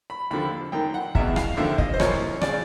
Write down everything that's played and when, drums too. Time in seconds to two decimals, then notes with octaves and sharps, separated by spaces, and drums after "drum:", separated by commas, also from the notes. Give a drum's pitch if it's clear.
0.10 B5
0.31 D#2 D3 F3 B5
0.72 F#2 D#3 G5
0.94 F#5
1.15 E2 B2 E5, drum: kick
1.36 F5, drum: rim click
1.57 D#2 D3 F3 E5
1.78 D#5, drum: kick
1.94 C5
2.00 C2 A#2 F3 C#5, drum: rim click
2.42 C#3 E3 D5, drum: rim click